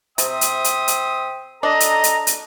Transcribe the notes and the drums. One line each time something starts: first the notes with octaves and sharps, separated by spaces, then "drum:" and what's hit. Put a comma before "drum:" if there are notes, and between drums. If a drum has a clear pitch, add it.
C3 C5 E5 G5 D#6, drum: hi-hat
drum: hi-hat
drum: hi-hat
drum: hi-hat
D4 A4 D#5 A#5
drum: hi-hat
drum: hi-hat
drum: hi-hat